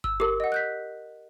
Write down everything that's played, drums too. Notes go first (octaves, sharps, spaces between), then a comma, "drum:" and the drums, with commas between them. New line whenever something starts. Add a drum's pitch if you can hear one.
E6, drum: kick G1
G4 A#4 D6
D#5 F#5
F#6 G6 B6